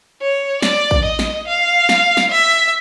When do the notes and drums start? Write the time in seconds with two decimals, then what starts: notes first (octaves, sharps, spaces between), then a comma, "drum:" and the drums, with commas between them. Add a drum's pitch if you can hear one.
0.22 C#5
0.62 D5, drum: snare
0.91 drum: kick A1
1.05 D#5
1.19 drum: snare
1.47 F5
1.89 drum: snare
2.17 drum: snare
2.32 E5